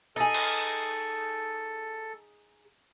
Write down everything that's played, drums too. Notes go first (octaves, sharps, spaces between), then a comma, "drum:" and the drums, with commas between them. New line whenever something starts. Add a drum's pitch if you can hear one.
D#4 G#4 A4
drum: cymbal